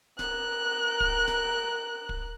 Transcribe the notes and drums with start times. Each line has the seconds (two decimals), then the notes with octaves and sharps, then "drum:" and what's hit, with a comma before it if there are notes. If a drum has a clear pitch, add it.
0.19 A#4 F#6, drum: snare D1
1.00 drum: kick
1.28 drum: snare D1
2.09 drum: kick